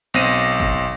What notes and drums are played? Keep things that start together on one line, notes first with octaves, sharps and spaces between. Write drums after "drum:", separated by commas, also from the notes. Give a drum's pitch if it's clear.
B1 C4 A#6 D#7
drum: kick G1